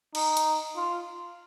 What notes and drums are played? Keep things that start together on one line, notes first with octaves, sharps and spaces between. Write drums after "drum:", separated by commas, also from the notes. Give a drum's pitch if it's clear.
D#4, drum: cymbal
drum: hi-hat
F4